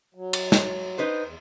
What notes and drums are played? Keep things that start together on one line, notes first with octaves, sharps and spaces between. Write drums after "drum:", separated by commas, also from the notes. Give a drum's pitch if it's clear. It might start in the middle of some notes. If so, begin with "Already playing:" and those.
F#3
drum: cymbal
drum: snare
D#4 B4 C5
E2